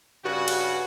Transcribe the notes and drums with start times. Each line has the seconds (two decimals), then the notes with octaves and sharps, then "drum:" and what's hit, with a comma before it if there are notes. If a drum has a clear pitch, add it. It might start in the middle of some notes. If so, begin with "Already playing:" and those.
0.25 G2 C#3 F#4
0.48 drum: cymbal